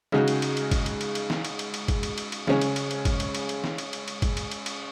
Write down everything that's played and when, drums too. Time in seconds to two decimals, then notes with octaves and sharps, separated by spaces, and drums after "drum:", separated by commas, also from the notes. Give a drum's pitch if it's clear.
0.12 C#3 G#3 D#4 F#4, drum: snare
0.28 drum: cymbal
0.42 drum: cymbal
0.57 drum: cymbal
0.71 drum: kick, cymbal
0.86 drum: cymbal
1.01 drum: cymbal
1.15 drum: cymbal
1.30 drum: snare
1.45 drum: cymbal
1.59 drum: cymbal
1.74 drum: cymbal
1.88 drum: kick, cymbal
2.03 drum: cymbal
2.18 drum: cymbal
2.32 drum: cymbal
2.47 C#3 G#3 C#4, drum: snare
2.61 drum: cymbal
2.76 drum: cymbal
2.91 drum: cymbal
3.05 drum: kick, cymbal
3.20 drum: cymbal
3.35 drum: cymbal
3.49 drum: cymbal
3.64 drum: snare
3.78 drum: cymbal
3.93 drum: cymbal
4.08 drum: cymbal
4.22 drum: kick, cymbal
4.37 drum: cymbal
4.51 drum: cymbal
4.66 drum: cymbal